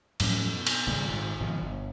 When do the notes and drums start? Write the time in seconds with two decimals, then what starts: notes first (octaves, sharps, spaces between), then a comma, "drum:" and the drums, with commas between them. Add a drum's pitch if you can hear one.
0.20 F#2 A2 F3 C#4, drum: cymbal
0.52 B2
0.67 drum: cymbal
0.86 G#1 A#2 C#3 G3
1.09 G#1 G#2
1.40 G#1 B2 D3 F3
1.62 G1